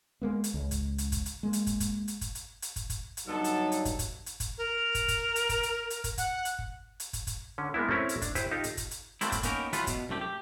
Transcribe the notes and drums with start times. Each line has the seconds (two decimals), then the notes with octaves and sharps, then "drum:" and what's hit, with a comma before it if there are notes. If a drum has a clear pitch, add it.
0.22 G#3 A#3 B3
0.44 drum: hi-hat
0.54 C#2
0.71 drum: kick, hi-hat
0.98 drum: hi-hat
1.12 drum: kick, hi-hat
1.26 drum: hi-hat
1.43 G#3 A#3
1.53 drum: hi-hat
1.67 drum: kick, hi-hat
1.80 drum: kick, hi-hat
2.08 drum: hi-hat
2.21 drum: kick, hi-hat
2.35 drum: hi-hat
2.62 drum: hi-hat
2.76 drum: kick, hi-hat
2.90 drum: kick, hi-hat
3.17 drum: hi-hat
3.27 G2 D3 F#3 B3 D#4 A4
3.44 drum: hi-hat
3.72 drum: hi-hat
3.85 drum: kick, hi-hat
3.99 drum: kick, hi-hat
4.26 drum: hi-hat
4.40 drum: kick, hi-hat
4.58 A#4
4.95 drum: kick, hi-hat
5.08 drum: kick, hi-hat
5.36 drum: hi-hat
5.49 drum: kick, hi-hat
5.63 drum: hi-hat
5.90 drum: hi-hat
6.04 drum: kick, hi-hat
6.18 F#5, drum: kick, hi-hat
6.45 drum: hi-hat
6.59 drum: kick
7.00 drum: hi-hat
7.13 drum: kick, hi-hat
7.27 drum: kick, hi-hat
7.58 D3 C#4
7.74 G#3 A#3 B3 E4
7.89 A3 C4 C#4 E4 A#4
8.09 drum: hi-hat
8.22 D4, drum: kick, hi-hat
8.35 E4 G4 B4 C5, drum: kick, hi-hat
8.51 D#4 F4 G4 A4
8.64 drum: hi-hat
8.77 drum: kick, hi-hat
8.91 drum: hi-hat
9.21 F#3 A3 A#3 C4 D4 E4, drum: hi-hat
9.32 drum: kick, hi-hat
9.43 A#3 B3 C#4 D#4 G4 A#4, drum: kick, hi-hat
9.73 E3 F#3 A3 B3 F4 B4, drum: hi-hat
9.87 B2, drum: kick, hi-hat
10.09 C2 F#2 A3 G4
10.21 G4